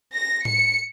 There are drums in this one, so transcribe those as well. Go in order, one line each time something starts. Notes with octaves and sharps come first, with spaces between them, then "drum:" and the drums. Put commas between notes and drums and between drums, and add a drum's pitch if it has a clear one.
A#6
C#7, drum: tom A2